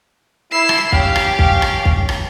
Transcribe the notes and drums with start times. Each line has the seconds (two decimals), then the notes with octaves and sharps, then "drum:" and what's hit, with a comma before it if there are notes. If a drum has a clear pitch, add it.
0.52 E4 C7 E7
0.69 drum: rim click
0.92 C#4 G4 F5, drum: kick
1.16 drum: rim click
1.39 drum: kick
1.62 drum: rim click
1.85 drum: kick
2.09 drum: rim click